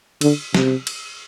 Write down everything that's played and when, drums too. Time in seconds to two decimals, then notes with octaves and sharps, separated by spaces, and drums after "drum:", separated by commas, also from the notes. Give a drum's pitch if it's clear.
0.21 D3, drum: cymbal
0.55 C3, drum: snare
0.87 drum: cymbal